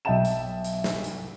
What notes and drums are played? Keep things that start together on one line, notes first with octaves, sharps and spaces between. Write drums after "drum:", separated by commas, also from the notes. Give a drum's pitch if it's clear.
B1 D#5 E5 G5 A5 E7
drum: hi-hat
drum: hi-hat
drum: snare
drum: hi-hat